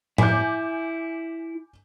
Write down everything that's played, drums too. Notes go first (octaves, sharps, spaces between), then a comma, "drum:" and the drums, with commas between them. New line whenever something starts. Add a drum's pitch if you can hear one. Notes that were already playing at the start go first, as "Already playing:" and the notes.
E4 G#5 D6 G6, drum: tom A2